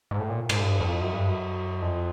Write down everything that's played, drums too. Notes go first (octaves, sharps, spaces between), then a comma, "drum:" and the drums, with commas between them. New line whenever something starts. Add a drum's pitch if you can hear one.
G#2
A2
A#2
G#2, drum: cymbal
G2
F2
F#2
G2
F#2
F2